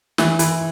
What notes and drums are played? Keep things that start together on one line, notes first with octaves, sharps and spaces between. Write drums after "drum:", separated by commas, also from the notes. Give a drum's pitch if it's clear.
E3, drum: snare
E3, drum: hi-hat